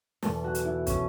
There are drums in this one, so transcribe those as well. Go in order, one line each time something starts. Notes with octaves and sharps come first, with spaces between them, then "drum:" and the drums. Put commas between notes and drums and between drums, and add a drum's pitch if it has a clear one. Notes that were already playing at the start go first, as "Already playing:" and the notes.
E2 B2 A4, drum: snare
F#4
drum: hi-hat
E4
B2 C#4, drum: kick, hi-hat